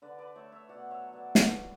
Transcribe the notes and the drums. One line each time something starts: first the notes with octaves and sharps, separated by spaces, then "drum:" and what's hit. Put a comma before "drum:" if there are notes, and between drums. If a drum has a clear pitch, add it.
D3 B4 D5
B4 D5
A3 C#5 E5
C#5 E5
B2 D5 F#5
C#5 E5
F#3
B4 D5
E3 B4 D5, drum: snare